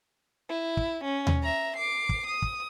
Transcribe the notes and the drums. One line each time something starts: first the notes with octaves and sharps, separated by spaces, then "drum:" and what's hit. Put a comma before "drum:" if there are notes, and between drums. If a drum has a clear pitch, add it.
E4
drum: kick
C#4
drum: tom D#2
E5 A#5
D6 C7
drum: kick
D#6
drum: kick